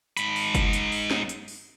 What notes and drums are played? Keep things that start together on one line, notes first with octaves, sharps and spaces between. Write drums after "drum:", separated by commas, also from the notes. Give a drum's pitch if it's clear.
G#2 B5, drum: hi-hat
drum: open hi-hat
drum: kick F#1, hi-hat
drum: hi-hat
drum: open hi-hat
drum: snare
drum: hi-hat
drum: open hi-hat